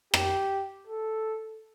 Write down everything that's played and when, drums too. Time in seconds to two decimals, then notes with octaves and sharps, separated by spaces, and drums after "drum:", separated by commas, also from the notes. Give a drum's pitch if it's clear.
0.14 G4, drum: rim click
0.87 A4